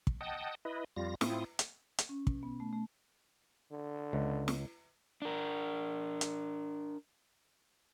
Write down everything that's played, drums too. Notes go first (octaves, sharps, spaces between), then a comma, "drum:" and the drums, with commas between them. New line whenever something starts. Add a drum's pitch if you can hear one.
drum: kick
D#5 F#5 G5 A5 D#6
E4 B4 D#5
F2 G3 F4 A#6
A2 C4 E4 F4 D#6, drum: snare
drum: hi-hat
drum: hi-hat
C#4
B2, drum: kick
B3
A3
A3
D3
C#2
drum: snare
D4 A#4
drum: hi-hat